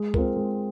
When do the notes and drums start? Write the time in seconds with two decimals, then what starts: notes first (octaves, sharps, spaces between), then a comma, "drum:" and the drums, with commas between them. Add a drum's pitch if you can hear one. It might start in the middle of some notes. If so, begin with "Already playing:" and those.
Already playing: G#3
0.14 C4 F4 A#4, drum: kick
0.37 G#3